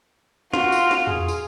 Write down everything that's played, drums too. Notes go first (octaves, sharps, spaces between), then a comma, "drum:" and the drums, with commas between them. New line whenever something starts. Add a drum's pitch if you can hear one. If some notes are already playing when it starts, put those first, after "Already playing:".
F4 F#4 F5, drum: snare
drum: tambourine
drum: snare
G#4, drum: tom E2
drum: tambourine